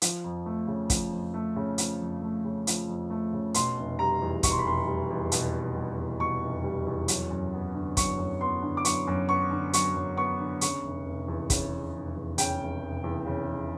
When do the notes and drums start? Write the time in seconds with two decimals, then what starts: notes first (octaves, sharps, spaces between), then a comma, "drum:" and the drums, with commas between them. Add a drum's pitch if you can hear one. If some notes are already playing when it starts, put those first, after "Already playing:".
0.02 F3, drum: hi-hat
0.24 F2
0.46 A3
0.67 C#3
0.90 F3, drum: kick, hi-hat
1.12 F2
1.34 A3
1.56 C#3
1.78 F3, drum: hi-hat
2.01 F2
2.22 A3
2.45 C#3
2.67 F3, drum: hi-hat
2.89 F2
3.10 A3
3.33 C#3
3.54 B2 C6, drum: hi-hat
3.78 F1
3.99 G3 A#5
4.22 E2
4.43 B2 C#6, drum: kick, hi-hat
4.51 C6
4.59 B5
4.65 F1 C6
4.87 G3
5.10 E2
5.32 B2, drum: hi-hat
5.53 F1
5.76 G3
5.97 E2
6.20 B2 C#6
6.42 F1
6.64 G3
6.87 E2
7.08 F#3, drum: hi-hat
7.30 F#2
7.53 B3
7.75 D3
7.97 F#3 C#6, drum: kick, hi-hat
8.18 F#2
8.41 B3 C6
8.62 D3
8.77 D6
8.85 F#3 C#6, drum: hi-hat
9.07 F#2
9.29 B3 C#6
9.51 D3
9.73 F#3 C#6, drum: hi-hat
9.96 F#2
10.17 B3 C#6
10.40 D3
10.61 C#3 C#6, drum: hi-hat
10.83 F1
11.05 F1
11.28 E2
11.50 C#3, drum: kick, hi-hat
11.72 F1
11.94 F1
12.16 E2
12.38 C#3 G5, drum: hi-hat
12.60 F1
12.82 F1
13.04 E2
13.27 C#3
13.49 F1